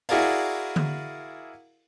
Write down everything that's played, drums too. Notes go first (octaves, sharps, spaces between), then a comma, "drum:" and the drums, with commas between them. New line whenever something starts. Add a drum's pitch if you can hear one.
E4 F#4 G#4 A#4 D5 F5, drum: open hi-hat
drum: tom D3